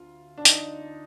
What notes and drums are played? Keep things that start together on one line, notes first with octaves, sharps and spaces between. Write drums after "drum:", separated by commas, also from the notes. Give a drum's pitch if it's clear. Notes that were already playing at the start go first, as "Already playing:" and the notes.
Already playing: D2 F4
D4
D#4, drum: hi-hat